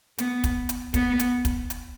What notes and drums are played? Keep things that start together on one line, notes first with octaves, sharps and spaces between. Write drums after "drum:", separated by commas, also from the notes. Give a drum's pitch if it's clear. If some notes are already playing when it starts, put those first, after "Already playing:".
B3, drum: hi-hat
drum: kick, hi-hat
drum: hi-hat
B3, drum: kick, hi-hat
drum: hi-hat
drum: kick, hi-hat
drum: hi-hat